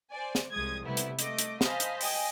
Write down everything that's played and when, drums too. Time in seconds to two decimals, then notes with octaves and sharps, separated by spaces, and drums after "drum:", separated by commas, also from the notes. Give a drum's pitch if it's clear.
0.11 C5 D5 G#5
0.35 drum: snare
0.52 C2 F3 G#3 D#6 G#6
0.85 C3 G3 A3 B3 E4
0.97 drum: hi-hat
1.19 A3 D#5 D6, drum: hi-hat
1.39 drum: hi-hat
1.61 C5 D#5 F5 G#5 A5 B5, drum: snare
1.80 drum: hi-hat
2.01 D#5 G5 G#5, drum: open hi-hat